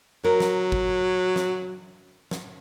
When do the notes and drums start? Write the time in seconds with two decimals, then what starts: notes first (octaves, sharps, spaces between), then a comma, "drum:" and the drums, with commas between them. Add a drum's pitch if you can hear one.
0.24 F#3 A#4
0.40 drum: snare
0.72 drum: kick G#1
1.36 drum: snare
2.31 drum: snare